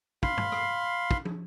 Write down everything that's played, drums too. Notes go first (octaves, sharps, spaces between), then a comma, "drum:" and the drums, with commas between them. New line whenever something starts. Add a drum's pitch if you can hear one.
F5 B5 C6, drum: kick
drum: tom
drum: rim click
drum: kick
drum: tom